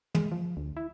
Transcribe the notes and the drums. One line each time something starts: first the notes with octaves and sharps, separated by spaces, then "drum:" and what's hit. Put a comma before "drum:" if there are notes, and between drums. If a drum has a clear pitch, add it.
G#3, drum: tom
F3
D2
E4